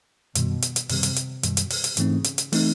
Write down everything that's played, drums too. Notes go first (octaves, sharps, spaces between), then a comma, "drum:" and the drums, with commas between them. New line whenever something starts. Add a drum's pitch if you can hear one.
F#2 B2 D#3 G3, drum: hi-hat
drum: hi-hat
drum: hi-hat
F#2 C3 D#3 G3, drum: open hi-hat
drum: hi-hat
drum: hi-hat
F#2 B2 D#3 G3, drum: hi-hat
drum: hi-hat
drum: open hi-hat
drum: hi-hat
G#2 C#3 E3 A3 C4 D#4, drum: hi-hat
drum: hi-hat
drum: hi-hat
E3 A3 C4 D#4, drum: open hi-hat